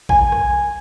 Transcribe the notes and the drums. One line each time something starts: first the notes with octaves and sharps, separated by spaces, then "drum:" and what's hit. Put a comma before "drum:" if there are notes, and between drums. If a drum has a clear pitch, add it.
G#5, drum: kick
drum: rim click